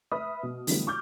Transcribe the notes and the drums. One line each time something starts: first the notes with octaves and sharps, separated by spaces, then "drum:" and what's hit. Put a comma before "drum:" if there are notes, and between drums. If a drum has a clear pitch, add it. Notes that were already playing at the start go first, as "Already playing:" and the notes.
B4 E5 B5 D#6 F6
B2
D3 E3 F#3 G3 A3 B3, drum: open hi-hat
C#6 D6 F6 G6